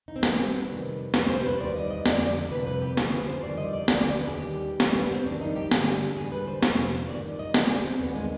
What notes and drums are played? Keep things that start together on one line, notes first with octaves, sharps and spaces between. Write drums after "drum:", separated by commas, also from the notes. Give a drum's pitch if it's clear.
D#4
C4
G2 D#3 G3 B3, drum: snare
B3
C4
B4
F2 C3 D#3 G3
F2 C3 G3 B4, drum: snare
C5
B4
D#2 D#3 G3 D5
D#5
D#5
F2 D3 F3 D5, drum: snare
D5
F2 C3 G3 B4
B4
G4
F2 D3 F3 G#4, drum: snare
B4
C5
F2 D#3 G3 D5
D#5
D5
D#2 D3 F3 D5, drum: snare
D#5
D5
B4
G#4
D#2 D#3 G3 G4
G2 D#3 G3, drum: snare
B3
C4
F2 D#3 G3 D4
D#4
G4
G2 D3 G3 G#4, drum: snare
G#2 G3 G#4
B4
C5
F2 C3 F3, drum: snare
G#2 D#3 G3 D5
D#5
D2 D3 G3 D5, drum: snare
G#4
C4
D#2 D#3 G3 B3
G#3